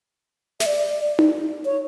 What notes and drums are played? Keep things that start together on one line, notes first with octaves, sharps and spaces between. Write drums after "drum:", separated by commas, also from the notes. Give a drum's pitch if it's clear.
E5, drum: snare
D5
drum: tom D#4
C#5